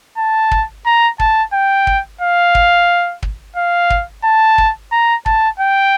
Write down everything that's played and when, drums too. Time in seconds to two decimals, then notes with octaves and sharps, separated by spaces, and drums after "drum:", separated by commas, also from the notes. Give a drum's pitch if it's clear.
0.18 A5
0.51 drum: kick
0.86 A#5
1.20 A5, drum: kick
1.53 G5
1.87 drum: kick
2.21 F5
2.55 drum: kick
3.23 drum: kick
3.56 F5
3.90 drum: kick
4.24 A5
4.58 drum: kick
4.92 A#5
5.26 A5, drum: kick
5.60 G5